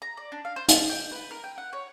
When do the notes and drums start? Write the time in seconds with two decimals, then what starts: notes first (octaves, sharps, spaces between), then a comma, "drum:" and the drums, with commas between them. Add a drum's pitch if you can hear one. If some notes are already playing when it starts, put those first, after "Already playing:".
0.02 A#5
0.17 D5
0.32 D4
0.45 F5
0.56 C5
0.68 F4, drum: hi-hat
0.90 G5
1.12 B4
1.31 A#4
1.44 G5
1.58 F#5
1.73 C#5